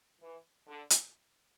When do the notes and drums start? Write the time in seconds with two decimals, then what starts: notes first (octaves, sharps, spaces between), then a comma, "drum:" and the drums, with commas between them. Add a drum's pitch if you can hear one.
0.21 E3
0.67 D3
0.90 drum: hi-hat